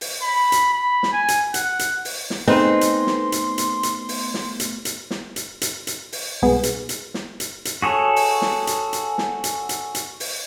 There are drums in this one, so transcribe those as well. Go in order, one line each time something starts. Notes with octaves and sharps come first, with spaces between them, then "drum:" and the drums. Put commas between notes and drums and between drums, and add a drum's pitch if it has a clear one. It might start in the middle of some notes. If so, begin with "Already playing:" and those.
drum: open hi-hat
B5
drum: hi-hat
B5
drum: snare
G#5
drum: hi-hat
F#5, drum: hi-hat
drum: hi-hat
drum: open hi-hat
drum: snare
A3 B3 C4 D#4 G#4 B4 C6
drum: hi-hat
drum: snare
drum: hi-hat
drum: hi-hat
drum: hi-hat
drum: open hi-hat
drum: snare
drum: hi-hat
drum: hi-hat
drum: snare
drum: hi-hat
drum: hi-hat
drum: hi-hat
drum: open hi-hat
C2 G#2 B2 B3 G#4
drum: hi-hat
drum: hi-hat
drum: snare
drum: hi-hat
drum: hi-hat
F#4 G#4 A4 C#5
drum: open hi-hat
drum: snare
drum: hi-hat
drum: hi-hat
drum: snare
drum: hi-hat
drum: hi-hat
drum: hi-hat
drum: open hi-hat